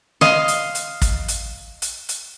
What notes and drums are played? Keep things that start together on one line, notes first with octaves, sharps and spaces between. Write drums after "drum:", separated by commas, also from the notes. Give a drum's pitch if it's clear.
D#5 F5 C6, drum: snare
drum: hi-hat
drum: hi-hat
drum: kick, hi-hat
drum: hi-hat
drum: hi-hat
drum: hi-hat